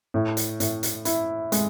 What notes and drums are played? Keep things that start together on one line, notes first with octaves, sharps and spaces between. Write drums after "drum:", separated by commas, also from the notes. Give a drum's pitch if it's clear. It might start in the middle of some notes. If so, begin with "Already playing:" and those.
A2
drum: hi-hat
A2, drum: hi-hat
drum: hi-hat
E4, drum: hi-hat
G#3, drum: hi-hat